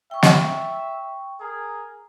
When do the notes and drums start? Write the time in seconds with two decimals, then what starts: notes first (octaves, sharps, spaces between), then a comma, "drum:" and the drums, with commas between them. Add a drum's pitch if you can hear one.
0.11 E5 G5 C#6
0.23 drum: snare
1.40 G#4 A#4